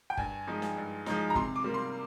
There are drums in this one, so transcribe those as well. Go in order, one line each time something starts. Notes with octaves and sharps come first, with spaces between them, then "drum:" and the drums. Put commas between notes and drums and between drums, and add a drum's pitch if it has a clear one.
G5
G2 G#5, drum: kick F#1
F3 G#3 D#4
drum: snare
G2
F3 G#3 D#4, drum: snare
A#5
C3 C6, drum: kick F#1
D6
G3 A#3
C6